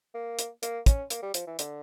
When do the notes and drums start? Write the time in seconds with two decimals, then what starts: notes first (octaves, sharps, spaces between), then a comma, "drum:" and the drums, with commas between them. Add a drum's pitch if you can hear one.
0.15 A#3
0.39 drum: hi-hat
0.63 A#3, drum: hi-hat
0.86 C#4, drum: kick, hi-hat
1.10 A#3, drum: hi-hat
1.23 G3
1.34 F3, drum: hi-hat
1.47 E3
1.59 D3, drum: hi-hat